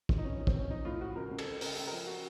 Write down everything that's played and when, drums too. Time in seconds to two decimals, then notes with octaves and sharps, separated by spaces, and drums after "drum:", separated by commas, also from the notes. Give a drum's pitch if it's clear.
0.09 A#2, drum: kick
0.18 D#4
0.24 F1 C#4
0.36 D#3 C#4
0.47 C4, drum: kick
0.55 F1 C#4
0.70 F3 D#4
0.85 A2 F4
1.01 F3 F#4
1.16 C#2 A#4
1.31 C#2
1.38 A4, drum: cymbal
1.46 C#3
1.61 C#3 A#4, drum: open hi-hat
1.74 C#3 A4
1.87 F3 A#4
2.07 F#4